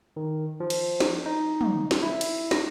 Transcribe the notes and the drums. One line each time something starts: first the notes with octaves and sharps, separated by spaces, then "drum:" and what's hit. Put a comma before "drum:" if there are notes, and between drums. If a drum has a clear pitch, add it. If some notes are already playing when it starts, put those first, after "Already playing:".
D#3
F3
drum: cymbal
drum: snare
D#4
drum: tom
drum: snare
E4
drum: cymbal
A#6, drum: snare